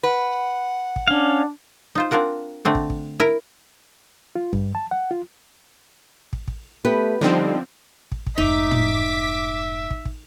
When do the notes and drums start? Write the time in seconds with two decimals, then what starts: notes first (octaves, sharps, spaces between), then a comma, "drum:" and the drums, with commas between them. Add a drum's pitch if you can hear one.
0.03 B4 F#5
0.96 drum: kick
1.08 C#4 D4 F5
1.95 D#4 F4 C5
2.11 C4 D4 F4 A#4 F#5
2.65 D3 A3 C4 D4
2.75 drum: kick
2.90 drum: kick
3.20 E4 A#4
4.35 F4
4.53 G2, drum: kick
4.75 A5
4.91 F#5
5.11 F4
6.33 drum: kick
6.48 drum: kick
6.85 A3 B3 G4 B4
7.21 D3 F3 G3 C4 D#4
8.12 drum: kick
8.26 drum: kick
8.38 F1 G#2 D#4 E5 D6 B6
8.71 drum: tom
9.91 drum: kick
10.05 drum: kick